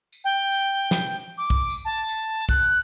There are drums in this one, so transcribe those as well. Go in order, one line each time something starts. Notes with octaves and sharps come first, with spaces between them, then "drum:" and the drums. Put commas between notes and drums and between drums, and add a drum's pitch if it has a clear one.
drum: tambourine
G5
drum: tambourine
drum: snare
D6
drum: kick
drum: tambourine
A5
drum: tambourine
F#6, drum: kick, tambourine